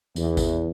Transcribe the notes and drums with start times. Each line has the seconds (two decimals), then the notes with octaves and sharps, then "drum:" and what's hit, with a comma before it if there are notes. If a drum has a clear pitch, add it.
0.16 E2, drum: tambourine
0.37 drum: kick G#1, tambourine